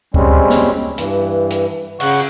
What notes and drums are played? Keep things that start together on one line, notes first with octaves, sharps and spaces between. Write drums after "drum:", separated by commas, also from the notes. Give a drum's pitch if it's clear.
G3 G#3 C4 C#4, drum: kick C#2
drum: snare
G2 E3, drum: hi-hat
drum: hi-hat
C#3 F#5 C#6, drum: cymbal